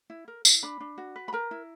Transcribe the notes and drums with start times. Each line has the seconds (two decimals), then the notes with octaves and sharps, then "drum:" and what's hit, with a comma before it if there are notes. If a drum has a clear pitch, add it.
0.10 E4
0.28 A#4
0.45 E4, drum: tambourine
0.63 D4 B5
0.80 D4
0.98 F#4
1.16 B4
1.28 B5
1.33 A#4 A#5
1.51 E4